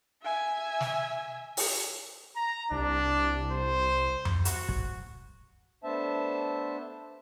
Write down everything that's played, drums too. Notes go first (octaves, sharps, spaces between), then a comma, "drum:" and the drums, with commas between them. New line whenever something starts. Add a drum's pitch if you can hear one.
E5 G#5
drum: snare
drum: open hi-hat
A#5
C2 D4
C5
drum: tom F2
F#4, drum: hi-hat
drum: kick
A3 B3 D4 C5 E5 A5